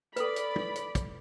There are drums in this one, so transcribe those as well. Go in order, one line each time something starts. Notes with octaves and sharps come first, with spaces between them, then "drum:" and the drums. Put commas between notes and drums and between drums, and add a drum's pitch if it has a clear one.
A4 B4 D5 B5, drum: hi-hat
drum: hi-hat
drum: tom
drum: hi-hat
drum: kick, hi-hat